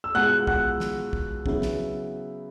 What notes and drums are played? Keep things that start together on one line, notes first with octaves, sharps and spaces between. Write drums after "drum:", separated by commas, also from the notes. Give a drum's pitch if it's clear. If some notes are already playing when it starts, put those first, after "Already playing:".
E6
C#2 B2 G#3 F#5 F#6
F#5 F#6, drum: kick
drum: snare
drum: kick
C#3 F#3 B3 E4, drum: kick
drum: snare